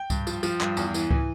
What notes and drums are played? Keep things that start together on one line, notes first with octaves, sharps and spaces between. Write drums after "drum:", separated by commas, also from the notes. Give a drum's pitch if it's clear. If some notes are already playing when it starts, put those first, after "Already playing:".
Already playing: G5
G2, drum: kick C#2, tambourine
F3, drum: tambourine
F3, drum: tambourine
G2, drum: clap
E2, drum: tambourine
E3, drum: tambourine
E3, drum: kick C#2